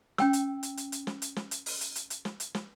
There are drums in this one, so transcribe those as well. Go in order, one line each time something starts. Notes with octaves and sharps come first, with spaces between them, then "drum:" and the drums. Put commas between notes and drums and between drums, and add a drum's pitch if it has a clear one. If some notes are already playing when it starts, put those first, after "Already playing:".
C#4 G5 E6, drum: snare
drum: hi-hat
drum: hi-hat
drum: hi-hat
drum: hi-hat
drum: snare
drum: hi-hat
drum: snare
drum: hi-hat
drum: open hi-hat
drum: hi-hat
drum: hi-hat
drum: hi-hat
drum: snare
drum: hi-hat
drum: snare